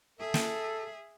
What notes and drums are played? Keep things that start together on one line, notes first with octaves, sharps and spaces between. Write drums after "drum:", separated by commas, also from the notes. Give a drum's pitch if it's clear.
G#4 A4 E5
drum: snare